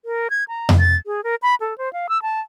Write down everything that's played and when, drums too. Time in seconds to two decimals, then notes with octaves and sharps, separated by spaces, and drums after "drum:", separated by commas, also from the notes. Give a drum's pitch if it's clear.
0.05 A#4
0.30 G#6
0.48 A#5
0.69 drum: tom F2
0.79 A6
1.06 G#4
1.24 A#4
1.42 B5
1.60 A4
1.78 C5
1.93 F5
2.09 E6
2.22 A5